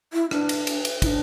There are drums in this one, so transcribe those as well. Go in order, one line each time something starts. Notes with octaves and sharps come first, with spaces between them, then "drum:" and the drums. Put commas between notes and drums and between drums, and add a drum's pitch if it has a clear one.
E4
D4 B4, drum: rim click
drum: cymbal
drum: cymbal
drum: cymbal
E4, drum: kick, cymbal
D4